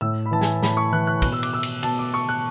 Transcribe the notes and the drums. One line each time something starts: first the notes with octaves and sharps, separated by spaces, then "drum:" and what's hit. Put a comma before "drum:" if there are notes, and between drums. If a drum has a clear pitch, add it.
A2 E6
B5
E3 A5
G#5, drum: snare
A2 B5, drum: snare
C#6
E3 F#6
F#6
B2 F#6, drum: kick, cymbal
E6
D6, drum: cymbal
E6
drum: cymbal
B2 A5, drum: cymbal
D6
C#6
F#6